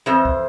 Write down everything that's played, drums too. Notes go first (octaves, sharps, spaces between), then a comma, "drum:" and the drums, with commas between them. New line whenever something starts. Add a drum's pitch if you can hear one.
F2 E3 C5
drum: kick